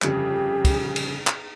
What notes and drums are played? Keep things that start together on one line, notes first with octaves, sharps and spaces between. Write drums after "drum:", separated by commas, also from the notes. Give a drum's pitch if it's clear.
G1 F2 C#3 G4, drum: clap
drum: kick, cymbal
drum: cymbal
drum: clap